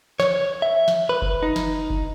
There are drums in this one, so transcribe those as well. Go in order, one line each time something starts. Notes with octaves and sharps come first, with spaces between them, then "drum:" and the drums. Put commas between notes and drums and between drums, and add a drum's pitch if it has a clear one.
C#5, drum: snare
E5
drum: snare
B4
drum: kick F#1
D#4
drum: snare
drum: kick F#1